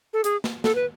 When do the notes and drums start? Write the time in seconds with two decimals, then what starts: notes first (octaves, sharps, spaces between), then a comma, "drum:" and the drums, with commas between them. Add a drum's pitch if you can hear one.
0.13 A4
0.24 G#4, drum: hi-hat
0.44 drum: snare
0.64 A4, drum: snare
0.75 B4